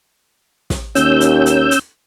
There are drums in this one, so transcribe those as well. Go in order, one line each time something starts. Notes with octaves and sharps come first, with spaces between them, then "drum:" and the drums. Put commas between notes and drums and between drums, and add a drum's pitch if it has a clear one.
drum: snare
D#2 C#4 E6 G6, drum: hi-hat
drum: hi-hat
drum: hi-hat
drum: hi-hat